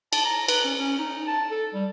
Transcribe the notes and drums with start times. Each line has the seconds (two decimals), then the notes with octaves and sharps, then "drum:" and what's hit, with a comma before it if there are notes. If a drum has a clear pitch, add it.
0.13 A5, drum: cymbal
0.25 A#5
0.48 B4, drum: cymbal
0.65 C#4
0.79 C#4
0.99 D#4
1.28 A5
1.51 A4
1.74 G3